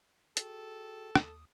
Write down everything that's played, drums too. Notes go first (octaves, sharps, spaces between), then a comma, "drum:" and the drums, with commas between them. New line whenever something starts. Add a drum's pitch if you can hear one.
F#4 G#4 A4 G5, drum: hi-hat
D#2 D#6, drum: rim click